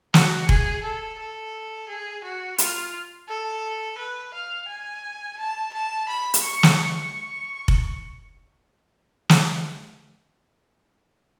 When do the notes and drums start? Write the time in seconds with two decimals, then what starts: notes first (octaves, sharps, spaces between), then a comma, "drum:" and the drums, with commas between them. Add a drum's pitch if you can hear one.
0.14 F#4, drum: snare
0.49 G#4, drum: kick F1
0.83 A4
1.19 A4
1.88 G#4
2.24 F#4
2.58 F4, drum: hi-hat
3.29 A4
3.98 B4
4.34 F5
4.68 G#5
5.39 A5
5.73 A5
6.09 B5
6.34 drum: hi-hat
6.44 C#6
6.63 drum: snare
6.78 C#6
7.68 drum: kick F1
9.29 drum: snare